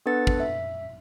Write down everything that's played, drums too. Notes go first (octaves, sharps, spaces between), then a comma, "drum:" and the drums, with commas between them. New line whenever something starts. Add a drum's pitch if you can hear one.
B3 D4 A4 B4 F#5 A6
drum: kick
E5